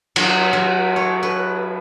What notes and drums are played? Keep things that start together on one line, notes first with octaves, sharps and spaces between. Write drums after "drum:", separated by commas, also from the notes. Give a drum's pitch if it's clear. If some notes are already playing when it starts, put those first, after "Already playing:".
F#3, drum: cymbal
F#3
C#5
B4